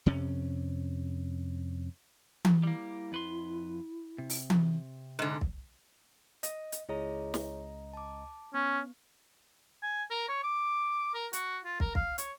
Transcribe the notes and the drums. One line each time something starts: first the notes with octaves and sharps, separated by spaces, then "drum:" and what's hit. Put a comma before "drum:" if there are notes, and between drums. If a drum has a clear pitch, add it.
F2 C3 C#4
drum: tom E3
G3 A#3 E4
F2 B4 C6
C3
drum: open hi-hat
drum: tom E3
G#2 D3
drum: kick
D#5, drum: hi-hat
drum: hi-hat
C#2 E4 G#4 C#5 D#5 A#5
drum: snare
A5 D6
B3 C#4
G#5
A#4
C#5
D6
A#4
F#4, drum: hi-hat
F4
A#4, drum: kick
F5, drum: kick
C#5, drum: hi-hat